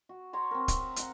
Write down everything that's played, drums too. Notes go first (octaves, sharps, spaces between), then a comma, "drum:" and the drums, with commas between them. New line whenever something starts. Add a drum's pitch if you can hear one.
F#4
C#5 A#5 C6
C4 A#4
E5, drum: kick D1, hi-hat
F5 F#5 A#5, drum: hi-hat